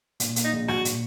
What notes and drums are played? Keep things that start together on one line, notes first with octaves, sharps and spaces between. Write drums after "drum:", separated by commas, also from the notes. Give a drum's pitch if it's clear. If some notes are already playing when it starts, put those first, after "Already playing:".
A#2, drum: hi-hat
A#3, drum: hi-hat
D#4
A#1
F#3 F#4, drum: rim click
A#2, drum: hi-hat